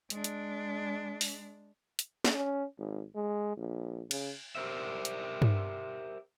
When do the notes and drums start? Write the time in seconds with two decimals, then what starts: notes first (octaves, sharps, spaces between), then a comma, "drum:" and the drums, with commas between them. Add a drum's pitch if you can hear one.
0.10 G#3 D4, drum: hi-hat
0.24 drum: hi-hat
1.21 drum: open hi-hat
1.99 drum: hi-hat
2.24 drum: snare
2.35 C#4
2.79 G#1
3.15 G#3
3.57 A#1
4.11 C#3, drum: cymbal
4.55 G4 A#4 C5 E5
5.05 drum: hi-hat
5.42 drum: tom G2